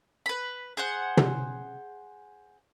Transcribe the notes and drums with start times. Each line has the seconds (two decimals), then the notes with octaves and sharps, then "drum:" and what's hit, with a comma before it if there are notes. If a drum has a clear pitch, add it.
0.26 B4 B5
0.77 G#4 C5 F#5
1.17 drum: tom